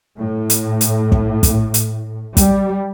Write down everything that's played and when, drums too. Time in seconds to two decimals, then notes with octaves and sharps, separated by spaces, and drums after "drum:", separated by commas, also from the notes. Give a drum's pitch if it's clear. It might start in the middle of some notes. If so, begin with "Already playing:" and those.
0.19 A2
0.50 drum: hi-hat
0.81 drum: hi-hat
1.12 drum: kick
1.43 drum: kick, hi-hat
1.74 drum: hi-hat
2.37 G3, drum: kick, hi-hat